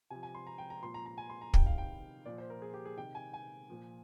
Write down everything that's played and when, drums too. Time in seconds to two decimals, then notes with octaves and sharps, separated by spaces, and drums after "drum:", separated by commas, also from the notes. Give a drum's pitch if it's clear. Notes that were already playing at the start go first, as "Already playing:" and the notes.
0.10 C3 F3 G#5
0.23 G#5
0.35 C6
0.47 A#5
0.58 G5
0.70 A#5
0.82 A#2 F3 C6
0.94 A#5
1.06 A#5
1.18 G#5
1.30 C6
1.41 A#5
1.54 C3 D#3 G5, drum: kick
1.66 F5
1.78 G5
2.26 A#2 F3 D5
2.38 C5
2.50 A#4
2.62 G#4
2.74 G4
2.85 G#4
2.97 C3 D#3 G5
3.15 G#5
3.34 G#5
3.70 A#2 F3